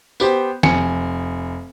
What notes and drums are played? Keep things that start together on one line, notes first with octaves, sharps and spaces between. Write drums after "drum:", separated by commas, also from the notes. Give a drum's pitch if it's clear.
B3 G4 C5, drum: tambourine
F1 G#5 C#7, drum: snare